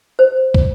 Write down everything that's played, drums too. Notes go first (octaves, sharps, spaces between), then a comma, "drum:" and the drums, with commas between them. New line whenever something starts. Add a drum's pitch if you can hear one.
C5
drum: kick